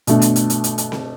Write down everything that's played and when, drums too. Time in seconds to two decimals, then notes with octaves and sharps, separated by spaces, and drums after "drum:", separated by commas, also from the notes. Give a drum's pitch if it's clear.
0.07 B2 A3 D4, drum: hi-hat
0.22 drum: hi-hat
0.36 drum: hi-hat
0.50 drum: hi-hat
0.64 drum: hi-hat
0.78 drum: hi-hat
0.92 drum: snare C4